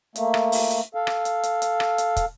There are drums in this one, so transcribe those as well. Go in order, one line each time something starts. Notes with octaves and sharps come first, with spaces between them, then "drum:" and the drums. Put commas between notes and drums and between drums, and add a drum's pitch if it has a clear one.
A3 A#3, drum: hi-hat
drum: rim click
drum: open hi-hat
drum: hi-hat
A4 F5
drum: rim click
drum: hi-hat
drum: hi-hat
drum: hi-hat
drum: rim click
drum: hi-hat
drum: kick, hi-hat